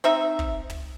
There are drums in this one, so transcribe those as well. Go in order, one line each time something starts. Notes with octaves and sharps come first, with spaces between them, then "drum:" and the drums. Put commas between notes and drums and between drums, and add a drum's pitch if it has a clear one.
C4 D#4 E5
drum: kick
drum: tom